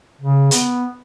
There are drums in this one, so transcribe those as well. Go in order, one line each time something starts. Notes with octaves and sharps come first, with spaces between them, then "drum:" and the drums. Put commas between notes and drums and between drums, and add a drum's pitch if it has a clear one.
C#3
B3, drum: hi-hat